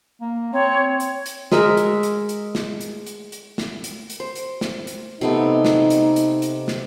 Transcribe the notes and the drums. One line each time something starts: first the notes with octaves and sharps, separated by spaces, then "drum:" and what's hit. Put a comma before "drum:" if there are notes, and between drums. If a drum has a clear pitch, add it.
A#3
C4 C#5
drum: hi-hat
drum: hi-hat
G#3 A#4 E5, drum: snare
drum: hi-hat
drum: hi-hat
drum: hi-hat
drum: snare
drum: hi-hat
drum: hi-hat
drum: hi-hat
drum: snare
drum: hi-hat
drum: hi-hat
C5
drum: hi-hat
drum: snare
drum: hi-hat
C3 A3 B3 D#4
drum: snare
drum: hi-hat
drum: hi-hat
drum: hi-hat
drum: snare